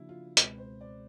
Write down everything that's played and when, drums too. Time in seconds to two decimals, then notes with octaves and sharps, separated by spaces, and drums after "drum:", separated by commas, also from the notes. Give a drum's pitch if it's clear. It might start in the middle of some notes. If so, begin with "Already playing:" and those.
Already playing: C#3 F3 A#3 D4 E4 F#4
0.09 F4
0.37 C#2 B2 G#3 C4 B4, drum: hi-hat
0.58 C5
0.81 D5